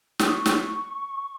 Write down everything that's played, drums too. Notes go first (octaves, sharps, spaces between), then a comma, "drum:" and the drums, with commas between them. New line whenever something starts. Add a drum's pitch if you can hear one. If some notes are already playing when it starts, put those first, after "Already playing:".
D#6, drum: snare
C#6
drum: snare